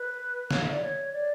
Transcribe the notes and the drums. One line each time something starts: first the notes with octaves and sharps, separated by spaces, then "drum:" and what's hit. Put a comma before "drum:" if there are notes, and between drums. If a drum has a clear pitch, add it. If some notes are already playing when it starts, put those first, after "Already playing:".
Already playing: B4
C#5, drum: snare
E5
D5
C#5
D5